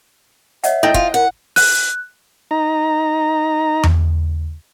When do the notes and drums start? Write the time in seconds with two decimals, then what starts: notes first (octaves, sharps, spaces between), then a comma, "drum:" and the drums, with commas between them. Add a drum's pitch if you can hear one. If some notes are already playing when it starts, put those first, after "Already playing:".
0.64 C#5 D#5 E5 F#5, drum: hi-hat
0.83 A3 E4 D#5 G5
0.94 F4, drum: kick
1.14 A#4 F#5
1.56 F#6, drum: open hi-hat
2.51 D#4 A#5
3.84 drum: tom E2